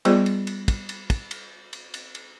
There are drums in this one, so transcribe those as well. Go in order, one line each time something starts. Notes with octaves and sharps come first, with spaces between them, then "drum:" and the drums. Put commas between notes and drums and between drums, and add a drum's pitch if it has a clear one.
G3 B3 F4 G#4 C5 D5, drum: cymbal
drum: cymbal
drum: cymbal
drum: kick, cymbal
drum: cymbal
drum: kick, cymbal
drum: cymbal
drum: cymbal
drum: cymbal
drum: cymbal